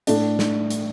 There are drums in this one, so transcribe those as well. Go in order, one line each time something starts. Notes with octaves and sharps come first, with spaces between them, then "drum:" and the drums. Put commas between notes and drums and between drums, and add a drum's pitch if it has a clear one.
A2 A3 D4, drum: hi-hat
drum: snare
drum: hi-hat